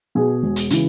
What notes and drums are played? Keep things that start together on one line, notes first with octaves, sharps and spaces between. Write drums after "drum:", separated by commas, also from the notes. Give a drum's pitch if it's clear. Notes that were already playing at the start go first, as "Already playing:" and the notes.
B2 G#4
E1
drum: hi-hat
C#3 E3, drum: hi-hat